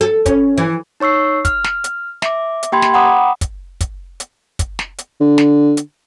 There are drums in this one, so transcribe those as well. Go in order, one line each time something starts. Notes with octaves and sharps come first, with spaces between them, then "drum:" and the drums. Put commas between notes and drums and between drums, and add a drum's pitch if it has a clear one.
A4
C#4, drum: kick, hi-hat
E3
D#4 C#5 C#6 E6 C7
F6, drum: kick, hi-hat
drum: snare
drum: hi-hat
E5 D6, drum: snare
drum: hi-hat
A#3 G4 G5 B5 C6 G#6
drum: snare
F#5 G5 A#5 B5 D6 D#6
drum: kick, hi-hat
drum: kick, hi-hat
drum: hi-hat
drum: kick, hi-hat
drum: snare
drum: hi-hat
D3
drum: snare
drum: hi-hat